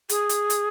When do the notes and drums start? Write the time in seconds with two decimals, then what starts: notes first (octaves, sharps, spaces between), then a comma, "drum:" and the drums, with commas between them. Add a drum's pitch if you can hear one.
0.09 G#4, drum: hi-hat
0.29 drum: hi-hat
0.50 drum: hi-hat